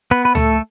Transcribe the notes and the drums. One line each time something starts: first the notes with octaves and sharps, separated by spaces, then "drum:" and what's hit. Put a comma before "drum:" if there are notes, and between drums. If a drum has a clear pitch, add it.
B3 B4
B4
A3 A4, drum: tom C#2